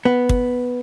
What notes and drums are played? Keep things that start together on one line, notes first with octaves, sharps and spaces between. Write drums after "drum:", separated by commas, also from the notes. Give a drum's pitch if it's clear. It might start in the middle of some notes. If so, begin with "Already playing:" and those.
B3
drum: kick